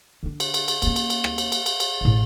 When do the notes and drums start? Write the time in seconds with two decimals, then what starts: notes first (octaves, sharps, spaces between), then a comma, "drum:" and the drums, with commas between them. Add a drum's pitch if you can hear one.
0.23 D3 D4
0.40 drum: cymbal
0.54 drum: cymbal
0.68 drum: cymbal
0.82 A#3 C#4, drum: cymbal
0.96 drum: cymbal
1.10 drum: cymbal
1.24 drum: rim click
1.38 drum: cymbal
1.52 drum: cymbal
1.66 drum: cymbal
1.80 drum: cymbal
2.01 A1 A2